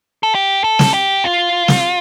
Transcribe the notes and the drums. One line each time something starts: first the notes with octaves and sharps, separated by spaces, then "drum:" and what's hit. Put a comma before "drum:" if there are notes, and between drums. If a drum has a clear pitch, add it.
A4
G4
A4
drum: snare
G4
F4
drum: snare